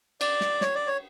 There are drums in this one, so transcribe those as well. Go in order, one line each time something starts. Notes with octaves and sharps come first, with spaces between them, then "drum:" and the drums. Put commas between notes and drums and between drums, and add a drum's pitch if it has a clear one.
D5, drum: cymbal
drum: snare
C#5, drum: snare
D5
C#5